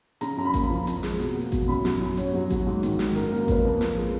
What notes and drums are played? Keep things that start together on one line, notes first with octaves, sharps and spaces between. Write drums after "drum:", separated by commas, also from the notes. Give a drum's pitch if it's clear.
C#3 A#5, drum: hi-hat
F#2 A#5
B5
A#3, drum: kick A1, hi-hat
F3
F2, drum: hi-hat
G#3, drum: snare
B2, drum: hi-hat
A#3
B2, drum: kick A1, hi-hat
F#2 B5
F#3, drum: snare
F#2
B2 C#5, drum: hi-hat
F#3
F#3, drum: kick A1, hi-hat
G#2
D#3, drum: hi-hat
G#2, drum: snare
F#2 A#4, drum: hi-hat
A#4
A#3
A#4
A#3 B4, drum: kick A1, hi-hat
F2
F3, drum: snare
G#3